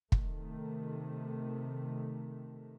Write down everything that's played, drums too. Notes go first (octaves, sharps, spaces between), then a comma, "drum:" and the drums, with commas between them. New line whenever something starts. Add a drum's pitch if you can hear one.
C3 D#3 A3, drum: kick